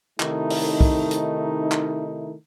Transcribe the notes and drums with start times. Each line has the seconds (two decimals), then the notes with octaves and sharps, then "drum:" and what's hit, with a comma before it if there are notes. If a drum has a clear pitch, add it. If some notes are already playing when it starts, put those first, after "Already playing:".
0.20 C3 D#3 A3 D#4 E4, drum: clap
0.50 drum: open hi-hat
0.81 drum: kick B1
1.11 drum: hi-hat
1.72 drum: clap